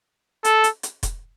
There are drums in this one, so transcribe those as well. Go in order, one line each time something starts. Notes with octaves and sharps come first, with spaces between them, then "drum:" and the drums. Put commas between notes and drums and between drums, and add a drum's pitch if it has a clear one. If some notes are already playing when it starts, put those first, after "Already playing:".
A4, drum: hi-hat
drum: hi-hat
drum: hi-hat
drum: kick E1, hi-hat